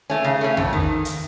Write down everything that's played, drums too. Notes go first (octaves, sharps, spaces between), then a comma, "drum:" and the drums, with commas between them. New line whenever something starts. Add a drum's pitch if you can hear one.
A3 C#4
C#3
A3 C#4
F2, drum: tom
D#3
drum: hi-hat